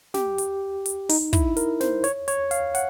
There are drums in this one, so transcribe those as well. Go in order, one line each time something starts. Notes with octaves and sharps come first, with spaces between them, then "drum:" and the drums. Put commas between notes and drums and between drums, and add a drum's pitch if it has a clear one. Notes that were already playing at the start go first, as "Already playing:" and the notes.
G4, drum: snare
drum: hi-hat
drum: hi-hat
D#4, drum: open hi-hat
E4, drum: kick, hi-hat
A#4, drum: hi-hat
C5, drum: snare
C#5, drum: hi-hat
C#5, drum: hi-hat
F5, drum: hi-hat
F#5, drum: hi-hat